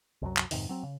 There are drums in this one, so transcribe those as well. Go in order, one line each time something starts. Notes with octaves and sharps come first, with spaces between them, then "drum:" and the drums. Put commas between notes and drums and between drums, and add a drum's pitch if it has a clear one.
C2 F#2 F#3
drum: clap
F2 G#2 C3 D#3, drum: open hi-hat
F#3 C4
C#3